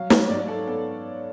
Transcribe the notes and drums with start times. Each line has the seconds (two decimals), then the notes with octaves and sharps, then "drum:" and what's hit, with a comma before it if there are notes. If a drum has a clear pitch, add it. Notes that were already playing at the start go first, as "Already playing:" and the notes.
Already playing: F#3 F5
0.10 C#5, drum: snare
0.29 G#2 D5
0.48 A4
0.67 B3 A4